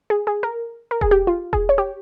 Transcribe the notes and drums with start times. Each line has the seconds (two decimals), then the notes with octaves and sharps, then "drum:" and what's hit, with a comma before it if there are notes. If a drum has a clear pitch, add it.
0.10 G#4
0.27 G#4
0.43 A#4
0.91 A#4
1.01 G#4, drum: kick E1
1.11 G4
1.27 F4
1.53 G#4, drum: kick E1
1.69 C#5
1.78 G4